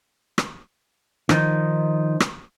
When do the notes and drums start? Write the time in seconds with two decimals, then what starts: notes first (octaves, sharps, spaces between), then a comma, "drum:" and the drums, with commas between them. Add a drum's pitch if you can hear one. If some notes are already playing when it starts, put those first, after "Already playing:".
0.38 drum: rim click
1.29 D#3 F3 D#4, drum: rim click
2.20 drum: rim click